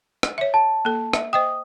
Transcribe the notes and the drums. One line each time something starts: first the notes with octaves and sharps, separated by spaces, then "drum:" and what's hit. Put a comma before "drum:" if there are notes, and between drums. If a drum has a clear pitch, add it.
drum: rim click
C#5 E5
A5
A#3 A4
E5, drum: rim click
C5 D#5 G5 D#6